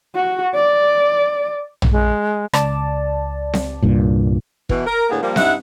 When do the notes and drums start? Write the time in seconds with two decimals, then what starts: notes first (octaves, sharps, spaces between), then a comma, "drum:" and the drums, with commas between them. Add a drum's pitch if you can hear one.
0.15 F#4
0.55 D5
1.82 drum: tom A#1
1.92 G#3
2.53 C#2 D5 A5, drum: rim click
3.53 drum: snare C4
3.83 C2 G2 A#2
4.69 B2 E3, drum: kick
4.86 A#4
5.10 A2 D3 A#3 B3 G#4
5.23 F3 G3 A#3
5.36 G2 D#4 E4 F#5, drum: snare C4